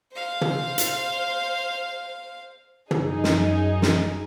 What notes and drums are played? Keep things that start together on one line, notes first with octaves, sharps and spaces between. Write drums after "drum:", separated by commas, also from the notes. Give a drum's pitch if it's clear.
C5 F5
drum: tom
drum: hi-hat
F#2 D#4 G#4, drum: tom
drum: snare
drum: snare